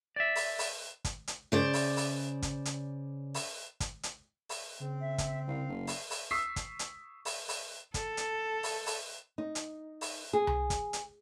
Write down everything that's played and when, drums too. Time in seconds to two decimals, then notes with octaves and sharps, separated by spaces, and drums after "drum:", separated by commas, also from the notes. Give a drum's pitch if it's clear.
0.16 D5 E5
0.36 drum: open hi-hat
0.59 drum: open hi-hat
1.05 drum: kick, hi-hat
1.28 drum: hi-hat
1.52 C#3 C5 D5
1.73 drum: open hi-hat
1.96 drum: open hi-hat
2.42 drum: kick, hi-hat
2.65 drum: hi-hat
3.34 drum: open hi-hat
3.80 drum: kick, hi-hat
4.03 drum: hi-hat
4.49 drum: open hi-hat
4.80 C#3 C4
5.01 E5
5.18 drum: kick, hi-hat
5.48 C2 F5
5.68 F#1
5.87 drum: open hi-hat
6.10 drum: open hi-hat
6.31 C#6 D#6 E6 B6 C7
6.56 drum: kick, hi-hat
6.79 drum: hi-hat
7.25 drum: open hi-hat
7.48 drum: open hi-hat
7.94 A4, drum: kick, hi-hat
8.17 drum: hi-hat
8.63 drum: open hi-hat
8.86 drum: open hi-hat
9.38 D#4
9.55 drum: hi-hat
10.01 drum: open hi-hat
10.33 G#4
10.47 drum: tom C2
10.70 drum: kick, hi-hat
10.93 drum: hi-hat